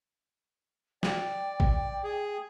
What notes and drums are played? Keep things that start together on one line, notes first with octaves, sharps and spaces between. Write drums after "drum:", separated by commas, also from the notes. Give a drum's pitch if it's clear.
D5 G5, drum: snare
drum: kick
G#4